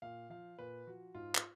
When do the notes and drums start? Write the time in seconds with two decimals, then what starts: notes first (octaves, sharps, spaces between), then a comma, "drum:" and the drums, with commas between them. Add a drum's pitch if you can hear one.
0.02 A#2 F5
0.30 F3 F5
0.59 A#2 B4
0.87 F3 F#4
1.15 G#2 F4
1.35 drum: clap